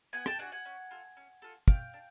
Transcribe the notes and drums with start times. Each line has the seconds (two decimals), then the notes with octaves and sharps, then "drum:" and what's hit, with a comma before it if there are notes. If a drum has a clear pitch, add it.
0.13 B3 F#5 G#5
0.26 G5 A5, drum: rim click
0.39 D4 F#4 F#5 G#5
0.52 F#5 G#5
0.65 C#4
0.91 F4 A4
1.17 C#4
1.42 F4 A4
1.68 A3 F5 G5, drum: kick
1.94 D4